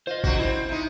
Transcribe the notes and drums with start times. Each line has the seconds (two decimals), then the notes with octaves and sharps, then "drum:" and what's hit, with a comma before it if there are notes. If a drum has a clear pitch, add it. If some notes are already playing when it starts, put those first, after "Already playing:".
0.07 F4 C5 D#5
0.24 C#3 C4 F#4, drum: kick
0.39 C4 E4 C5
0.69 C3 D#4